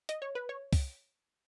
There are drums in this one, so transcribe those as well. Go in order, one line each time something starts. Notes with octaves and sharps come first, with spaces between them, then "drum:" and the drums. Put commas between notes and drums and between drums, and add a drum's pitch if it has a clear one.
D#5, drum: hi-hat
C#5
B4
C#5
drum: kick, open hi-hat